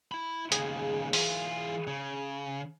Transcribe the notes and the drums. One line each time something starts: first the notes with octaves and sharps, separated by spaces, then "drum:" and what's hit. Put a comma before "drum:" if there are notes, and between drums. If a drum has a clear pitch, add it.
E4 B5
D#2 C#3 G#4, drum: hi-hat
E3 F4, drum: open hi-hat
C#3